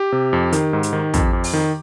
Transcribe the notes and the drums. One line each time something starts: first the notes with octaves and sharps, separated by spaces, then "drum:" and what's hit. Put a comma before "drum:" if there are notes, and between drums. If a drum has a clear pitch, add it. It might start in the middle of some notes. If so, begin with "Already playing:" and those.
Already playing: G4
C3
F2
D#3, drum: hi-hat
G#2
drum: hi-hat
D#3
F2, drum: kick, hi-hat
F2
drum: open hi-hat
D#3